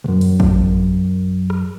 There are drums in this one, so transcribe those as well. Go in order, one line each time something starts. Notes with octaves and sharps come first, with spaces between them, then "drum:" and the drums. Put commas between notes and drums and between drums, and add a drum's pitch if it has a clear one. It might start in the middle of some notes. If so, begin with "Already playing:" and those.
C#2 F#2
drum: open hi-hat
drum: kick
drum: rim click